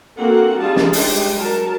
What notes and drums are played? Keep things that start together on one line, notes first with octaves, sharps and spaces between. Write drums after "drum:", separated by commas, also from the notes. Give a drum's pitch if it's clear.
A#3 C4 D4 F#4 A4 F#5
G3 D#4 F4 G#4 A5
drum: snare
G3 G#3 D4 G5, drum: open hi-hat
F#3 A#4 A5